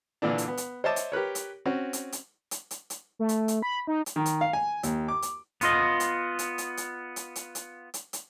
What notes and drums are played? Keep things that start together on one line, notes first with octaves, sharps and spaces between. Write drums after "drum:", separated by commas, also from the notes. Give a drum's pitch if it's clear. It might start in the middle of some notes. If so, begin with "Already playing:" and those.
A#2 D3 E3 D4
drum: hi-hat
B3
drum: hi-hat
C5 C#5 D#5 E5 A5 D6
drum: hi-hat
G4 A#4 B4 C#5
drum: hi-hat
C4 C#4 F#4
drum: hi-hat
drum: hi-hat
drum: hi-hat
drum: hi-hat
drum: hi-hat
A3
drum: hi-hat
drum: hi-hat
B5
D#4
drum: hi-hat
D#3
drum: hi-hat
F5
G#5
D#2, drum: hi-hat
D6
drum: hi-hat
B3 F4 D#5, drum: hi-hat
drum: hi-hat
drum: hi-hat
drum: hi-hat
drum: hi-hat
drum: hi-hat
drum: hi-hat
drum: hi-hat
drum: hi-hat
drum: hi-hat